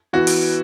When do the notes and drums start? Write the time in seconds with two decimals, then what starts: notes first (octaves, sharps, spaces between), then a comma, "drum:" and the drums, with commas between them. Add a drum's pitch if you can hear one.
0.13 E3 B3 F#4
0.27 drum: open hi-hat